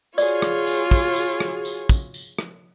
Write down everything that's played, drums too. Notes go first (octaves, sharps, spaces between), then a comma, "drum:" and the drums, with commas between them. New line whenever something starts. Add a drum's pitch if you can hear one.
F4 F#4 G#4 C#5 D5, drum: tambourine
drum: rim click
drum: tambourine
drum: kick, tambourine
drum: tambourine
drum: rim click
drum: tambourine
drum: kick, tambourine
drum: tambourine
drum: rim click